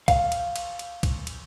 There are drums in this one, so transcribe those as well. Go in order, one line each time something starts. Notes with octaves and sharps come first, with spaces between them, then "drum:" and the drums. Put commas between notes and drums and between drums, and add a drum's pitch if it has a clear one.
F5, drum: kick B1, cymbal
drum: cymbal
drum: cymbal
drum: cymbal
drum: kick B1, cymbal
drum: cymbal